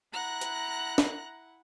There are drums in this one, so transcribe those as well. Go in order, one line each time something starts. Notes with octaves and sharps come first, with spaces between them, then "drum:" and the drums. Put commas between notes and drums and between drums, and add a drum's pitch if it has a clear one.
E4 F#5 A#5 F#6 A#6
drum: hi-hat
drum: snare